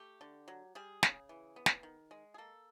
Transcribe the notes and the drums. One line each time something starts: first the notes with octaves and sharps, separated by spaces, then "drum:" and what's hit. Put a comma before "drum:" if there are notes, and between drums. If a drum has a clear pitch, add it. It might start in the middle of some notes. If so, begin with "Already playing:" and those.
Already playing: A3 G4
D3
F#3
G3 G#4
C#3, drum: snare
E3
B3
drum: snare
D#3
G#3
G#4
A#3 A4